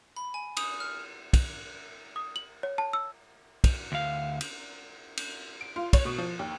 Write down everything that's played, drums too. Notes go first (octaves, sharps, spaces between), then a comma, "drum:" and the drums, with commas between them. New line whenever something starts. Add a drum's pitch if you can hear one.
B5
G#5
D#6, drum: cymbal
F6
drum: kick, cymbal
D#6
F#7
C#5
A5
E6
drum: kick, cymbal
D2 F5
drum: cymbal
drum: cymbal
D7
F4
C#5, drum: kick, cymbal
B2
F3
D#2